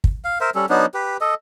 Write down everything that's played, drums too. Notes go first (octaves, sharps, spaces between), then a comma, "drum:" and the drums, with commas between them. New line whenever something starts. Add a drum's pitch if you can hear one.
drum: kick
F5
A#4 C5 E5
G3 C#4 A4
F#3 B3 D4 D#4
G4 B4
A4 D#5